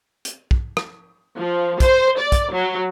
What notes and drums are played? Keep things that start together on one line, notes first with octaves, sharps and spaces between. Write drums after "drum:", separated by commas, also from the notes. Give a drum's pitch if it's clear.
drum: hi-hat
drum: kick
drum: rim click
F3
C5, drum: kick, hi-hat
D5
drum: kick, hi-hat
F#3